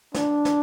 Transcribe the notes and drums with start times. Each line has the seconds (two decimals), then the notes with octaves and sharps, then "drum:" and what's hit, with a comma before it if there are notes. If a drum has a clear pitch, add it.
0.14 D4, drum: snare
0.45 drum: snare